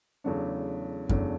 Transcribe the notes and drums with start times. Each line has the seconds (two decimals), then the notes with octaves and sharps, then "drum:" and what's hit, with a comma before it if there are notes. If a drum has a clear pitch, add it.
0.24 E2 C#3 F#3 A3 D4
1.09 E2 C#3 F#3 A3 D4, drum: kick F#2